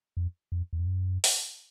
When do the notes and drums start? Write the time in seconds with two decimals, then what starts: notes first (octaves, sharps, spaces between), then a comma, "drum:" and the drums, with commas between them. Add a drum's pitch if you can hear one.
0.17 F2
0.52 F2
0.73 E2
0.80 F2
0.87 F#2
1.24 drum: open hi-hat